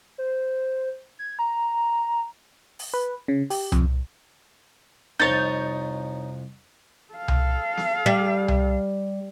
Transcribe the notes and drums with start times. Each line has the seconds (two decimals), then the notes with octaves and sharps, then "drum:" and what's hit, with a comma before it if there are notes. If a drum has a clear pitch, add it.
0.18 C5
1.19 G#6
1.39 A#5
2.79 drum: open hi-hat
2.94 B4
3.28 C#3
3.50 G4, drum: open hi-hat
3.72 F2, drum: tom C2
5.20 C2 F2 D#4 C#5 D#6 G6 A6
7.14 A4 F5
7.28 drum: tom C2
7.77 drum: snare
8.06 G3
8.48 drum: tom C2